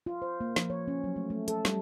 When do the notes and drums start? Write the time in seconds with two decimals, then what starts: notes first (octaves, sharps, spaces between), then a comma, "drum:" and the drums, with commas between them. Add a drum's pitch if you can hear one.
0.06 F4
0.22 C5
0.41 A#3
0.56 F3, drum: snare
0.70 C#5
0.88 C#4
1.04 F#3
1.16 A3
1.30 A3
1.48 A4, drum: hi-hat
1.65 G3, drum: snare